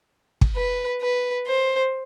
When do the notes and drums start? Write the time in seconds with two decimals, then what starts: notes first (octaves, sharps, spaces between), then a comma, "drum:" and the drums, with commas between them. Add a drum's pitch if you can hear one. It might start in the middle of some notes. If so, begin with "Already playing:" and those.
0.41 drum: kick
0.56 B4
1.01 B4
1.47 C5